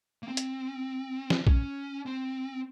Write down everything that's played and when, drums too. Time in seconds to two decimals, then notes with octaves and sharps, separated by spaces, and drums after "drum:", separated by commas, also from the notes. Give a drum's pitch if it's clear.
0.23 A#3
0.28 C4
0.37 drum: hi-hat
1.30 drum: snare
1.47 C#4, drum: kick A#1
2.06 C4